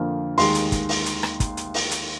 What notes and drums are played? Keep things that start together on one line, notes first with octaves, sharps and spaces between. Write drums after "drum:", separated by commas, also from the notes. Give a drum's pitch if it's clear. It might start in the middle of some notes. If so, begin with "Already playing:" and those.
Already playing: F2 D3 F3 A#3
D#2 D#3 G#3 C6, drum: open hi-hat
drum: hi-hat
drum: kick, hi-hat
drum: open hi-hat
drum: hi-hat
drum: rim click
drum: kick, hi-hat
drum: hi-hat
drum: open hi-hat
drum: hi-hat